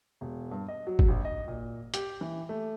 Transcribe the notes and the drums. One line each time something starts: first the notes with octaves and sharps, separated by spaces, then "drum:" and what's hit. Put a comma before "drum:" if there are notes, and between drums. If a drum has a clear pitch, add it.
E1
G2
D#5
F#3
drum: kick
A#1
D#5
A#2
G4, drum: hi-hat
E3
A3